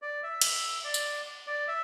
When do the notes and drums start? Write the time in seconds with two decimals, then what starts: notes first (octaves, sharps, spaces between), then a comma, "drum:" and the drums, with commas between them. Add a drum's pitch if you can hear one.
0.02 D5
0.23 E5
0.41 drum: cymbal
0.84 D5
0.94 drum: tambourine
1.47 D5
1.68 E5